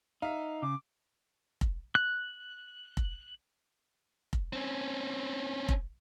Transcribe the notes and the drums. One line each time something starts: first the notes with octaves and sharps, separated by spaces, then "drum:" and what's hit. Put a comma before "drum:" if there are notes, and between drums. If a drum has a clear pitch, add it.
D#4 E5 F5
C#3 D6
drum: kick F1
F#6
drum: kick F1
drum: kick F1
C4 C#4
drum: kick F1